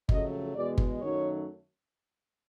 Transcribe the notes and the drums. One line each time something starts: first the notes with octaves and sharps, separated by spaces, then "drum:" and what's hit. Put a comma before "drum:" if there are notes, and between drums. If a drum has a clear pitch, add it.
F2 C#3 F#3 A3 D#5, drum: kick G1
E2 B2 G#3 D5
drum: kick G1
F#2 D#3 F#3 A3 C#5